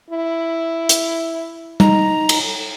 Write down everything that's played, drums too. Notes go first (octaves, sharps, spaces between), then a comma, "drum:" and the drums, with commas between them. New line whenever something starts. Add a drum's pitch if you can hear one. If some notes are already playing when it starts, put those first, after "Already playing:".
E4
drum: hi-hat
D#4 A#5, drum: tom
drum: cymbal